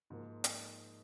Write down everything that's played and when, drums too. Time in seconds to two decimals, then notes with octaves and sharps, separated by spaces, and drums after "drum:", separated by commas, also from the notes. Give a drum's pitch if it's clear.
0.10 G#2 F3 A#3
0.44 drum: hi-hat